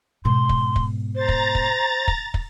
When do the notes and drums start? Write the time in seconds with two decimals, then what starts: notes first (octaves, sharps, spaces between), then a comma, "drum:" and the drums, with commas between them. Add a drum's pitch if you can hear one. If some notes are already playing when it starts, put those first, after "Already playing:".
0.25 G#2 B2 C6
0.49 drum: kick
0.76 drum: kick
1.15 C5 A#5 A6
1.28 drum: kick
1.55 drum: kick
2.08 drum: kick
2.34 drum: kick